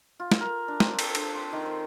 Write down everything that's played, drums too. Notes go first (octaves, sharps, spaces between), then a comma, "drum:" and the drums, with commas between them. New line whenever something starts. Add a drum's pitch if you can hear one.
F4
drum: snare
A#4
D4
C4, drum: snare
A4, drum: cymbal
D4, drum: cymbal
C6
D#3
C5